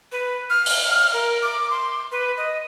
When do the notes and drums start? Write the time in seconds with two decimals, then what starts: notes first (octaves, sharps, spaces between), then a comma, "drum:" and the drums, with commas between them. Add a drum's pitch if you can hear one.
0.12 B4
0.50 F6
0.66 drum: open hi-hat
1.13 A#4
1.42 D6
1.70 C6
2.12 B4
2.37 D#5